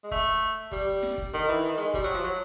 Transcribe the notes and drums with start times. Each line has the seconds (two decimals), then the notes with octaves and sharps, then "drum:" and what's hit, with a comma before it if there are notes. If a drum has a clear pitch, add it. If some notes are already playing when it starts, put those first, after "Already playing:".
0.04 G#3
0.11 A3, drum: kick F#1
0.72 G3, drum: kick F#1
1.03 drum: snare
1.18 drum: kick F#1
1.33 D#3
1.48 E3
1.64 D#3
1.78 G#3
1.94 G3, drum: kick F#1
2.04 F#3
2.14 F3
2.24 F#3